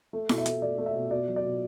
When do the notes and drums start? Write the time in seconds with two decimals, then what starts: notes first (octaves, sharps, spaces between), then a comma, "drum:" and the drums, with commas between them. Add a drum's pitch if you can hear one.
0.13 A3
0.29 B2, drum: snare E4
0.38 E5
0.46 A3, drum: hi-hat
0.62 A3 D5
0.78 A3
0.86 E5
0.95 B2
1.11 B2 D5
1.28 F#3
1.36 D5
1.45 B2